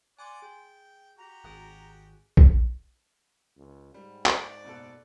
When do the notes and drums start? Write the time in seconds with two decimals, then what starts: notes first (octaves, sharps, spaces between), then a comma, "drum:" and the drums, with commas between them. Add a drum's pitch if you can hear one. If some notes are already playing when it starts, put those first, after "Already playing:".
0.19 D5 F#5 G#5 C6 D6
0.42 G#4 G5
1.18 F#4 G4 A#5
1.44 G#1 G#4 D#6 F#6
2.37 drum: kick A#1
3.57 C#2
3.94 G#2 G3
4.26 D5 C#6 F#6 G6, drum: clap
4.64 F#1 B2 A4